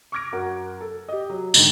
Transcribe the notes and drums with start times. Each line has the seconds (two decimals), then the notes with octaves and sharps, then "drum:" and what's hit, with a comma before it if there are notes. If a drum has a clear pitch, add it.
0.12 C#6 D6 F6 G#6 A#6 D7
0.32 F#2 A#4 F#5
0.81 A4
1.08 G4 D#5
1.30 F#3
1.54 G#2 D3 D#3, drum: tambourine